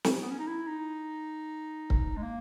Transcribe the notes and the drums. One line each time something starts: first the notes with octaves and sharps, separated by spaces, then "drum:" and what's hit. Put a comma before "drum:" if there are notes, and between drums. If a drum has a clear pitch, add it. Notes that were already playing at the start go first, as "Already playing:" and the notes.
drum: snare
B3
C#4
D#4
E4
D#4
drum: kick C#1
G#3
A#3